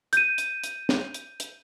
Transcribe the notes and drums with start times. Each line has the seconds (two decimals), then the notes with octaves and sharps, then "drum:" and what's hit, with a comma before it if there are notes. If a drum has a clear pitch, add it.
0.13 G6 D#7, drum: hi-hat
0.38 drum: hi-hat
0.64 drum: hi-hat
0.89 drum: snare
1.14 drum: hi-hat
1.40 drum: hi-hat